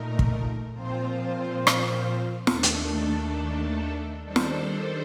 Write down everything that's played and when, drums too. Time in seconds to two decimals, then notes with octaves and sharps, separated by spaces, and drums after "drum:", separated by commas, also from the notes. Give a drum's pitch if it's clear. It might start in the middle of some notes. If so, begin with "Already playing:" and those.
Already playing: A#2 A3 D#4 A#4
0.19 drum: kick
0.72 A#2 F3 C4 F4 C5
1.67 drum: rim click
2.47 D#2 D#3 A3 D4 A4, drum: snare
2.63 drum: hi-hat
4.23 D#3 G3 D4 A4 C5
4.36 drum: snare